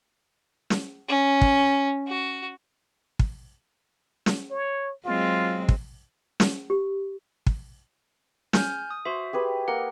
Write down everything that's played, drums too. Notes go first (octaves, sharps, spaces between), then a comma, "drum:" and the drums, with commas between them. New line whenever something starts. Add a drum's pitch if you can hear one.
drum: snare
C#4
drum: kick
F#4
drum: kick
drum: snare
C#5
F#3 G#3 C4 F4
drum: kick
drum: snare
G4
drum: kick
G#5 F6 G6, drum: snare
D#6
F#4 C5 E5
G4 G#4 B4
A#3 A#4 F#5